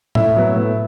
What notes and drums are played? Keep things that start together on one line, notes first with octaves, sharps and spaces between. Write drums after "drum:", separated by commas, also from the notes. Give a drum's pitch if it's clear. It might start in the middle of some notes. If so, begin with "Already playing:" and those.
A2 E4, drum: tom A2
F#3 B3
A2